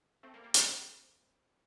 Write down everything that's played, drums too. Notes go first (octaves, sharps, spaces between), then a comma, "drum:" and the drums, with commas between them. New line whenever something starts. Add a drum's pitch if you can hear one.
A3 C4
G3 A#3
G3 A#3
A3 C4, drum: hi-hat